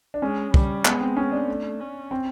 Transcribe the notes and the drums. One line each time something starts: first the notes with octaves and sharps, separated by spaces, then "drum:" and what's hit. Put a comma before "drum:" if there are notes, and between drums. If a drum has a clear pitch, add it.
D4
G#3 C#4
G3, drum: kick
G#3 B3, drum: clap
C4
C#4
D4
A3
C#4
C4